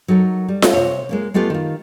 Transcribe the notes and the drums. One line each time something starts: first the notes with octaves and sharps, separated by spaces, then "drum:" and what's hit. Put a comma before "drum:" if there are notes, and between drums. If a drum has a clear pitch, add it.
F#3 D#4 A4 A#4
G3
drum: snare F4
C3 C#5
G#3 A#3 C#4
G#3 A3 B3 F4 G4
D#3 F4